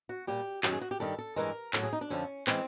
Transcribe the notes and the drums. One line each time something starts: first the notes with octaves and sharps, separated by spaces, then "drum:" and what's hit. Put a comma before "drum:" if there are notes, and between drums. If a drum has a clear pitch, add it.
F#4
A#2 G3 G4
F#2 D#3 F#3 G4, drum: clap
G#4
F#4
G4
G2 D#3 G3 A4
A4
G2 E3 G#3 A#4
A2 F#3 A4, drum: clap
G#4
D#4
D4
F2 D3 F3 C#4
E3 G#3 C4, drum: clap